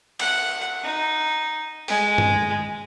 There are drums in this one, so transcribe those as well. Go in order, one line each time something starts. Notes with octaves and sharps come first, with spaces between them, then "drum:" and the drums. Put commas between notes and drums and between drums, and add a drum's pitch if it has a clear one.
F#5, drum: cymbal
D#4
G#3, drum: open hi-hat
drum: tom